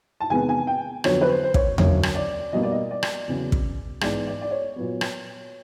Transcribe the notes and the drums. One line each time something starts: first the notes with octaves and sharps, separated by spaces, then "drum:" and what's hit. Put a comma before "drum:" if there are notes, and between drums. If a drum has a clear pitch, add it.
A5
E2 C3 D#3 G#3 B3 G#5
G#5
G5
F2 D3 F#3 B3 C#5, drum: rim click
B4
C5
C5
C#5, drum: kick
F#2 D3 F#3 A#3 C#5, drum: tom E2
drum: rim click
D5
B2 G3 A#3 D#5
D5
D#5
D5
drum: rim click
E2 C#3 F#3
drum: kick
G#2 E3 G#3 B3 D5, drum: rim click
D5
D5
C#5
A#2 F#3 B3
drum: rim click